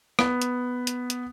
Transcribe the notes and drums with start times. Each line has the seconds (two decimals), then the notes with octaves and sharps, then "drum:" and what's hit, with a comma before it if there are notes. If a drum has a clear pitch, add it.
0.19 B3, drum: rim click
0.42 drum: hi-hat
0.87 drum: hi-hat
1.10 drum: hi-hat